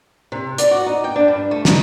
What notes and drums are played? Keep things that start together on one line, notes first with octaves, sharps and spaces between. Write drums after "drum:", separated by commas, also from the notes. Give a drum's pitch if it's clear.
C3
D5, drum: hi-hat
F#4
D#4
G5
D4
G2
A3
D#4, drum: snare